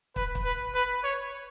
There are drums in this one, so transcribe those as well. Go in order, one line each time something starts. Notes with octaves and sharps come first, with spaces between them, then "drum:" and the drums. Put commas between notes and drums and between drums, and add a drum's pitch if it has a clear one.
B4, drum: kick
drum: kick
B4
B4
C#5